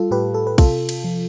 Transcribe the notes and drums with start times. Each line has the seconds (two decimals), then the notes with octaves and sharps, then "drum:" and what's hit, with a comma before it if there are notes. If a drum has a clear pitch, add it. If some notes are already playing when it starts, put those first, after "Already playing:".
Already playing: G3 F4 A4
0.11 A2 G4 B4
0.34 A4
0.47 B4
0.58 C3 F4 A4, drum: kick, cymbal
0.89 drum: cymbal
1.04 F3